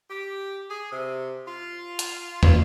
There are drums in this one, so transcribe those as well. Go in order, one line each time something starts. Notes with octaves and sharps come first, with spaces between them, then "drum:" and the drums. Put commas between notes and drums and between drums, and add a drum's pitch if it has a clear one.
G4
G#4
C3
F4
drum: hi-hat
F4, drum: tom